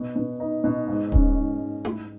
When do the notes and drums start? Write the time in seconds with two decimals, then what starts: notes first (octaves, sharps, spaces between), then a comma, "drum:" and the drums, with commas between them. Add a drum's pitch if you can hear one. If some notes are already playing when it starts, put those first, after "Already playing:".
Already playing: B2
0.16 B2
0.40 D#4
0.64 B2
0.88 G#2
1.12 C#4, drum: kick D#1
1.36 G#2
1.60 G#2
1.85 G3, drum: tom E4